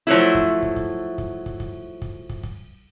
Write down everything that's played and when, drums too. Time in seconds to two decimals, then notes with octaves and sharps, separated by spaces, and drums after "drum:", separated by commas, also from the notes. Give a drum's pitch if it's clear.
0.07 F3 F#3 A3 E4
0.35 drum: kick
0.62 drum: kick
0.76 drum: kick
1.18 drum: kick
1.46 drum: kick
1.60 drum: kick
2.02 drum: kick
2.29 drum: kick
2.43 drum: kick